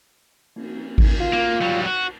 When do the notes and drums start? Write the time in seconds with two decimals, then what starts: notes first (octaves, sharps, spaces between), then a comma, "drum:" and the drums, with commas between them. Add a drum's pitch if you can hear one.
0.56 drum: cymbal
0.98 drum: kick G#1, cymbal
1.20 F4
1.33 A#3
1.61 F#3 G3
1.86 F#4